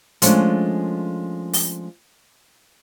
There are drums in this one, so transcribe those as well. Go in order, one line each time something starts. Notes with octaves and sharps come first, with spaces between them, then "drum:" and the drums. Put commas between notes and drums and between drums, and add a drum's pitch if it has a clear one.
F3 G#3 A3 C#4 D4, drum: hi-hat
drum: open hi-hat